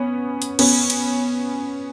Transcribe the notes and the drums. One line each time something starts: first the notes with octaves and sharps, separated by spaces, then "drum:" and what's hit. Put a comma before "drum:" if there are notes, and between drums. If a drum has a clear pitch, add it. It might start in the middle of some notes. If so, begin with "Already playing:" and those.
Already playing: B3 C#4
drum: hi-hat
B3 C#4, drum: cymbal
drum: cymbal